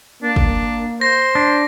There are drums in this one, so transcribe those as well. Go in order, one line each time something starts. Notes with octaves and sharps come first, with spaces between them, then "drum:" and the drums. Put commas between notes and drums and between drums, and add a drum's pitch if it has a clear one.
A#3 D4
drum: kick
C5 A#6
D4